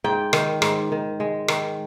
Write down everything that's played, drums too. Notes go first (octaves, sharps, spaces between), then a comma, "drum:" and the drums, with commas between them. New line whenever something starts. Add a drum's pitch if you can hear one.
G#2 G5
D#3, drum: rim click
G#2, drum: rim click
D#3
G#3
D#3, drum: rim click